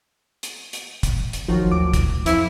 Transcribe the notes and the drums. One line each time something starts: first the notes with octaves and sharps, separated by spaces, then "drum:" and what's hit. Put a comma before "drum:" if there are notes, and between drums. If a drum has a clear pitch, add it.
drum: hi-hat
drum: hi-hat
drum: kick, hi-hat
drum: hi-hat
G#1 D#3 F3 F#3
D2 D6
drum: kick, hi-hat
F2 E4, drum: hi-hat